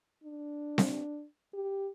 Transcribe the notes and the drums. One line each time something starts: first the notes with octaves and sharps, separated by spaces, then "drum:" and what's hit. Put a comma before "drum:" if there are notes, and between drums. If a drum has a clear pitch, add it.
D4
drum: snare C4
G4